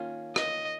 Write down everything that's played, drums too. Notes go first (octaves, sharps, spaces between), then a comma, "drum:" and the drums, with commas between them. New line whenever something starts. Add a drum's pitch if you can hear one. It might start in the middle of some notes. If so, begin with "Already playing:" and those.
Already playing: D#3 A#3 C#4 F4
D#5, drum: rim click